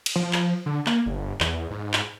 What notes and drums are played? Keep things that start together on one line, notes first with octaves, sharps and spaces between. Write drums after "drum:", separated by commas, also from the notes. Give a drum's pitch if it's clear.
drum: cymbal
F3
drum: clap
D3
A#3, drum: clap
G1
E2, drum: clap
G#2
drum: clap